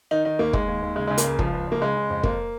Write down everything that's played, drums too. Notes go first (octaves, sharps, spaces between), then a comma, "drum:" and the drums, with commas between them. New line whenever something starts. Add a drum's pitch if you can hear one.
D#3 D#4
D#3 D#4
D#2 A#3
D#2 G#3, drum: kick
D#2
D#2
C#3 G#3
C#3 G#3
A#3, drum: hi-hat
C#2
C#2 F3, drum: kick
C#2
C#2 A#3
C#3 G#3
C#3
F2
F2 A#3, drum: kick